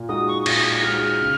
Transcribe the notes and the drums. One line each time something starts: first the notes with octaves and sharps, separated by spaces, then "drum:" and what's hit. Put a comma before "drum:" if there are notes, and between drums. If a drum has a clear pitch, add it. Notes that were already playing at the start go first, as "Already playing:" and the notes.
Already playing: A#2
G#3 D#4 F#4 D#6
C#6
C#6
A#2 D#6, drum: cymbal
G#3 D#4 F#4 F6
C#3